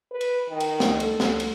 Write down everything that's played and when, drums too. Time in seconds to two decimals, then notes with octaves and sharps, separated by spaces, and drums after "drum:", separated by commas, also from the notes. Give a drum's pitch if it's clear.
0.11 B4
0.21 drum: cymbal
0.49 D#3
0.60 drum: cymbal
0.80 drum: snare
1.00 A4, drum: cymbal
1.20 drum: snare
1.40 drum: cymbal